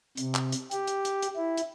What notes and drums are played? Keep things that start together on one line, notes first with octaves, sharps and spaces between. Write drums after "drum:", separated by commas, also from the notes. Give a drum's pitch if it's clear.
C3, drum: hi-hat
drum: clap
drum: hi-hat
G4, drum: hi-hat
drum: hi-hat
drum: hi-hat
drum: hi-hat
E4
drum: hi-hat